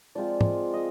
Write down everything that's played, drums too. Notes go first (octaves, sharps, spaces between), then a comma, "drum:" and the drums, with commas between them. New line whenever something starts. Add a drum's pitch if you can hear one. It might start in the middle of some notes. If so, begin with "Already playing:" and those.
F3 G#3 C4 F4 D5
drum: tom G#2
D#5